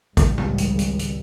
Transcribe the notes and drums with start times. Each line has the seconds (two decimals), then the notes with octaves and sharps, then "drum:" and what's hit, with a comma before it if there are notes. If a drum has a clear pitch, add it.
0.17 G#1 C#2 G3, drum: kick, hi-hat
0.38 drum: tom
0.58 drum: hi-hat
0.79 drum: hi-hat
0.99 drum: hi-hat